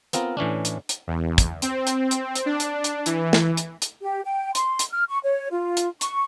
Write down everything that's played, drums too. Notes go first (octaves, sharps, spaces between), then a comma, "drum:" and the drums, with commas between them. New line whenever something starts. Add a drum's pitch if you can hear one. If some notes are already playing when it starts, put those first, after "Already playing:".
B3 C4 F4 A#4, drum: hi-hat
A2 E3 C#4 D4
drum: hi-hat
drum: hi-hat
E2
drum: kick, hi-hat
C4, drum: hi-hat
drum: hi-hat
drum: hi-hat
drum: hi-hat
D4
drum: hi-hat
drum: hi-hat
E3, drum: hi-hat
drum: snare
drum: hi-hat
drum: hi-hat
G4
G5
C6, drum: hi-hat
drum: hi-hat
F6
C#6
C#5
F4
drum: hi-hat
C#6, drum: hi-hat